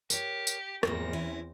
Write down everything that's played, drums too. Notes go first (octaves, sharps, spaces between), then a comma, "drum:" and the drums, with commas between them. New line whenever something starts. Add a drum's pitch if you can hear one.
G4 A#4 C#5, drum: tambourine
drum: tambourine
E2 G#2 F3 A#3 C4 A#6, drum: rim click
E3 C#4 E4